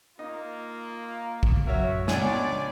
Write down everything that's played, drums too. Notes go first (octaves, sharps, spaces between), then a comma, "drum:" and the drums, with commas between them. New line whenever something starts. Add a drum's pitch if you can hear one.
A#3 D#4 F4
drum: kick A#1
F#2 F#4 A#4 C#5 E5
C#2 B3 D4 C#5 D5 G#5, drum: snare